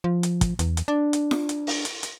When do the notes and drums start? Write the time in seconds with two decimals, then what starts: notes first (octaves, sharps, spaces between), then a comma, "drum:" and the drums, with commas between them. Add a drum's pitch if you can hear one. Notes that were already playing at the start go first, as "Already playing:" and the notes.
0.04 F3
0.23 drum: hi-hat
0.41 drum: kick, hi-hat
0.59 E2, drum: hi-hat
0.77 drum: hi-hat
0.88 D4
1.13 drum: hi-hat
1.31 drum: snare F4
1.49 drum: hi-hat
1.67 drum: open hi-hat
1.85 drum: hi-hat
2.03 drum: hi-hat